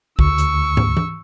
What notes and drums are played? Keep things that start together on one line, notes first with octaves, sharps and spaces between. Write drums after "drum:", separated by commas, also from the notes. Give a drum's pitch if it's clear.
D2 C#6 E6, drum: kick
drum: hi-hat
drum: tom
drum: tom E3